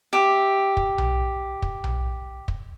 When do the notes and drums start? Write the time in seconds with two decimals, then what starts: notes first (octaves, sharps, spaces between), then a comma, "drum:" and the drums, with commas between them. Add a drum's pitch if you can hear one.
0.13 G4 E5
0.77 drum: kick
0.98 drum: tom B1
1.62 drum: kick
1.84 drum: tom B1
2.48 drum: kick